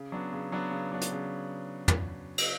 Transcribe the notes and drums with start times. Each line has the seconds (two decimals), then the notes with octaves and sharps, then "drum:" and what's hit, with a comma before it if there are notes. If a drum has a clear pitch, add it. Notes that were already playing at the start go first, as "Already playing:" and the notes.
Already playing: C#3
0.12 F#3 B3 D4
0.33 C#3
0.52 F#3 B3 D4
0.71 C#3
0.92 F#3 B3 D4
1.01 drum: hi-hat
1.12 C#3
1.88 drum: tom
2.38 drum: cymbal